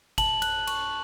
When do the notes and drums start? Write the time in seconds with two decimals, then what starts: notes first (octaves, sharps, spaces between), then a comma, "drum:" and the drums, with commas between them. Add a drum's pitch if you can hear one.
0.18 A5 F#7, drum: kick, cymbal
0.42 F#6, drum: cymbal
0.67 C#6, drum: cymbal